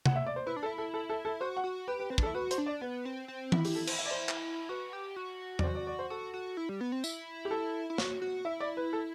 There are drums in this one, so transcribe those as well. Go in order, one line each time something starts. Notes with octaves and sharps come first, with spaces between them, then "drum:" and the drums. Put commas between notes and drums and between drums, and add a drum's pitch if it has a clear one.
F#5, drum: tom C3
E5
D5
C5
E4 B4
D4
A4
E4
A4
A4
A4
A4
F#4 C5
F#5
F#4
G4 B4
B4
C4 B4
D4, drum: kick
A4
E4
F#4 B4
C5, drum: hi-hat
D4
D5
B3 B4
C4
C4
E4, drum: tom E3
G4, drum: open hi-hat
A4
C5, drum: cymbal
E5
D5
C5
drum: clap
F#4 B4
G4
F#4
D5, drum: tom E2
C5
D5
D5
C5
F#4 A4
F#4
E4
G3
B3
C4
E4, drum: tambourine
G4
A4
E4
F#4, drum: snare
F#4
E4 E5
D5
B4
A4